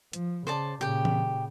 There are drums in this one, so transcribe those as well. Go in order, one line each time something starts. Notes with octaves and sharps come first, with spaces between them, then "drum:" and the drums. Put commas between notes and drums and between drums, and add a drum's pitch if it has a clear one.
F3, drum: hi-hat
C#3 C5 D5 A5
A#2 C#3 G4 G5
drum: tom E3